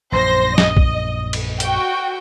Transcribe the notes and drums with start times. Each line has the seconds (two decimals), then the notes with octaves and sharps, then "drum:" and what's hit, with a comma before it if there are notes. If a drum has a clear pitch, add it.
0.12 A#1 F#2 C5 A#6
0.58 D#5, drum: snare
0.77 drum: kick B1
1.33 drum: cymbal
1.60 F#4 G5, drum: hi-hat